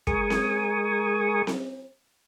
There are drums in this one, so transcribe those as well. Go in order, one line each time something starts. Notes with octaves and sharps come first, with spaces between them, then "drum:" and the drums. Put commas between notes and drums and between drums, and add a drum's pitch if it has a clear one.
G#3 A#4 G#5 C#6 D#6, drum: kick
drum: snare C4
drum: snare C4